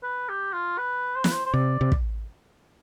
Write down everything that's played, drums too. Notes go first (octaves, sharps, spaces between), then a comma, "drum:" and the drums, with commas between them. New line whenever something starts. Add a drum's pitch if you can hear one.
B4
G4
F4
B4
C5
B4, drum: snare
C5
C5
C3 D5
C3
drum: kick